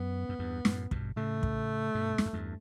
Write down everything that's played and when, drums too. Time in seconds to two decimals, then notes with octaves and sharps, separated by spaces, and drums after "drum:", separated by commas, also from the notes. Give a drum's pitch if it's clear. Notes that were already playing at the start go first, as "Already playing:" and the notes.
Already playing: F#2 B3
0.29 F#2
0.39 E2 G2
0.65 F#2 A2, drum: snare
0.91 G2 B2, drum: kick
1.16 A2 C#3 A3
1.43 drum: kick
1.95 G2 B2
2.18 E2, drum: snare
2.26 F#2
2.33 E2 G2